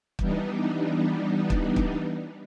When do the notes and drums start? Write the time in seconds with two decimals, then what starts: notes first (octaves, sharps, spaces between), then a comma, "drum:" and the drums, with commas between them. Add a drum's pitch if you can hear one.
0.19 E3 G3 B3 D4 D#4, drum: kick
1.50 drum: kick
1.76 drum: kick